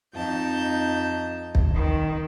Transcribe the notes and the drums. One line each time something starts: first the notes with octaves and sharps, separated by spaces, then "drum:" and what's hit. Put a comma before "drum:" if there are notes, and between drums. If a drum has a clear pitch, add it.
F2 D#4 A5 G6
drum: kick
D#3